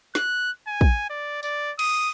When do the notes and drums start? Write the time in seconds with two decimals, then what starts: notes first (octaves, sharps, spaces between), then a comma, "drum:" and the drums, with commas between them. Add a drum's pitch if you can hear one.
0.15 F#6, drum: snare
0.67 G#5
0.81 drum: kick
1.10 D5
1.43 D5, drum: tambourine
1.79 D#6, drum: cymbal